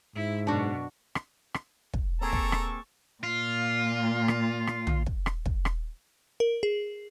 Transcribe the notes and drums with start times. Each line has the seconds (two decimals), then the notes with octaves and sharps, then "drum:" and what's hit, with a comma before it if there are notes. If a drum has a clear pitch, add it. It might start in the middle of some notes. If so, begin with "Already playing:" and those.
0.16 G#2 E4
0.47 F#2 B2 D4 F#4
1.15 drum: rim click
1.54 drum: rim click
1.94 drum: kick
2.21 A#3 C4 G#4 A4 A5 A#5 C#6
2.33 drum: kick
2.52 drum: rim click
3.23 A#2 F4
4.28 drum: rim click
4.67 drum: rim click
4.87 drum: tom
5.06 drum: kick
5.26 drum: rim click
5.46 drum: kick
5.65 drum: rim click
6.40 A#4
6.63 G#4